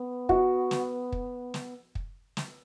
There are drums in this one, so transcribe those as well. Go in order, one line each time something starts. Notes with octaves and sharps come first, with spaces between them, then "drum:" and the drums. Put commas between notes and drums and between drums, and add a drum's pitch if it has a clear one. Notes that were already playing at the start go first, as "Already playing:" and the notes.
Already playing: B3
F#4, drum: kick
drum: snare
drum: kick
drum: snare
drum: kick
drum: snare